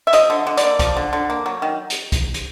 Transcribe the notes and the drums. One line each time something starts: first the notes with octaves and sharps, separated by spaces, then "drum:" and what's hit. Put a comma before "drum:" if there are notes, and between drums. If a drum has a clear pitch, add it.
E5
F3 D#5, drum: hi-hat
D3
D3
D5, drum: hi-hat
A#3
F3, drum: kick, hi-hat
D3
D3
A#3
F#3
D#3
drum: hi-hat
drum: kick, hi-hat
drum: hi-hat